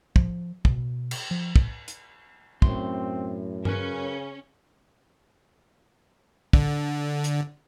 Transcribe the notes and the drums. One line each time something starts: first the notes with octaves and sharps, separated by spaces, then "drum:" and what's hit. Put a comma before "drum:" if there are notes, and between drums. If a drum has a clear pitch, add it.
F3, drum: kick
B2, drum: kick
drum: cymbal
F3
drum: kick
drum: hi-hat
F#2 A2 C4 C6, drum: kick
C#3 C#4 A#4 B4, drum: tom
D3, drum: kick
drum: hi-hat